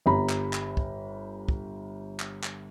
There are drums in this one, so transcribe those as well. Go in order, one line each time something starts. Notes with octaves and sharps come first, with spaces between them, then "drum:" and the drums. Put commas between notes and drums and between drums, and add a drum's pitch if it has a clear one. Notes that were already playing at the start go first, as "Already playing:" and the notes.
G1 G4 A#5 B5
drum: clap
drum: clap
drum: kick
drum: kick
drum: clap
drum: clap